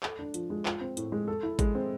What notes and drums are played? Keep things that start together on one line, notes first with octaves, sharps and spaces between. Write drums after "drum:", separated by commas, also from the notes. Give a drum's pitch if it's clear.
A4, drum: clap
D4
F3, drum: hi-hat
G#3
F4, drum: clap
C4
A2, drum: hi-hat
G#3
A4
E4
G#3, drum: kick G#1, hi-hat
C4